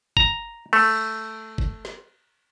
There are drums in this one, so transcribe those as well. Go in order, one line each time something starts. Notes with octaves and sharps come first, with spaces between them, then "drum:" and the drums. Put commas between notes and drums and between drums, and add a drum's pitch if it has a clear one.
A#5, drum: kick G1
A3, drum: cymbal
drum: kick G1
drum: snare